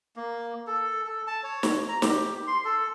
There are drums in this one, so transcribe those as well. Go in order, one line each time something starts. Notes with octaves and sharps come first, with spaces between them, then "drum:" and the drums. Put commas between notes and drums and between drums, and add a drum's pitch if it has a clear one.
A#3
A4
A4
A5
C#5
drum: snare
A#5
G4, drum: snare
C6
A4